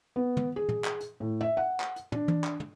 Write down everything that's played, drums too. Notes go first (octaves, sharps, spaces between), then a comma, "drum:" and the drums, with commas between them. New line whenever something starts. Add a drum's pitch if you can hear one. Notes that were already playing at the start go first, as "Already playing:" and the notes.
B3
drum: tom
G#4
drum: tom
drum: clap
drum: hi-hat
A2
E5
F#5
drum: clap
drum: hi-hat
D4, drum: tom
drum: tom
drum: clap
drum: tom